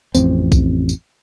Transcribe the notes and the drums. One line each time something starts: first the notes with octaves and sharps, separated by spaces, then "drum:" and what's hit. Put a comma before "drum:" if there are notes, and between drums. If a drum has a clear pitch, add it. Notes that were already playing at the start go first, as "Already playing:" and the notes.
A1 F2 C4, drum: tambourine
drum: kick B1, tambourine
drum: tambourine